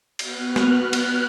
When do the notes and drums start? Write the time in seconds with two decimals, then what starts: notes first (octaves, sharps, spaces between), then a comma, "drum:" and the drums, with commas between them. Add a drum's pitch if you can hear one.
0.19 B3 F#4 B4 F6 F#6, drum: cymbal
0.56 drum: snare
0.93 drum: cymbal